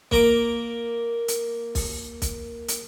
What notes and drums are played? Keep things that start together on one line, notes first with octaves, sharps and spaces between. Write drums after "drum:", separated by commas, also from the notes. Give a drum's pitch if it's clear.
A#3 A#5 D6, drum: kick
drum: hi-hat
drum: kick, open hi-hat
drum: kick, hi-hat
drum: hi-hat